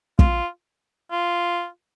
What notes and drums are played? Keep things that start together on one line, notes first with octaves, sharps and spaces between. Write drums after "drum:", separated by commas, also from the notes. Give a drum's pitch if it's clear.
F4, drum: kick
F4